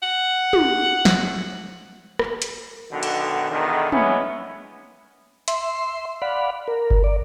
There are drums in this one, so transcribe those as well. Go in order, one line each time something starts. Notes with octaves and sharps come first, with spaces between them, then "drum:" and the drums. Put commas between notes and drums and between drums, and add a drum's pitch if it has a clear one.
F#5
drum: tom
drum: snare
drum: rim click
drum: hi-hat
B1 B2 D3 D#3 F#4
drum: cymbal
E2 B2 D3 D#3
E3 G#3 B3 C#4 E4, drum: tom
E5 C6, drum: hi-hat
D5 F5 F#5 B5
A#4
drum: kick G1
D5